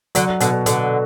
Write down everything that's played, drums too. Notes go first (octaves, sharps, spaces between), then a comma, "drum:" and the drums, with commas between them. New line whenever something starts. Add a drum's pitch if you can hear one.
D3 F#3, drum: hi-hat
B2 D3, drum: hi-hat
B2 D3, drum: hi-hat